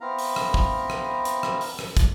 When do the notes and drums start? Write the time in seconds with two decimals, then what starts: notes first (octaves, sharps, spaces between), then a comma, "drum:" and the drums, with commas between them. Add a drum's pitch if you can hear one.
0.01 B3 C4 E4 F5 A#5
0.19 drum: open hi-hat
0.36 drum: rim click
0.54 drum: kick
0.90 drum: rim click
1.25 drum: hi-hat
1.43 drum: rim click
1.61 drum: open hi-hat
1.79 drum: rim click
1.97 drum: kick, hi-hat